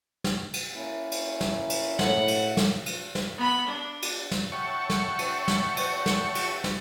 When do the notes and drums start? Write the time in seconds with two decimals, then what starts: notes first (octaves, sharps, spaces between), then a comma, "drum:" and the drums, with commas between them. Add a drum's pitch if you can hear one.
0.24 drum: snare
0.53 drum: cymbal
0.74 A#3 C#4 E4
1.12 drum: cymbal
1.41 drum: snare
1.70 drum: cymbal
1.99 A2 F#5, drum: snare
2.28 drum: cymbal
2.57 drum: snare
2.86 drum: cymbal
3.15 drum: snare
3.38 B3 B5
3.67 D4
4.02 drum: cymbal
4.31 drum: snare
4.52 C#5 E5 F#5 G5 A5 C#6
4.90 drum: snare
5.19 drum: cymbal
5.48 drum: snare
5.77 drum: cymbal
6.06 drum: snare
6.35 drum: cymbal
6.64 drum: snare